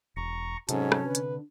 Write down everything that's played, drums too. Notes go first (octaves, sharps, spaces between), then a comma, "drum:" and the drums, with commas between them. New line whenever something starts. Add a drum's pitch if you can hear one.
E1 A#5 C#6
G#2 C3 F#3 C#4 A4, drum: hi-hat
drum: rim click
D3 B4
drum: hi-hat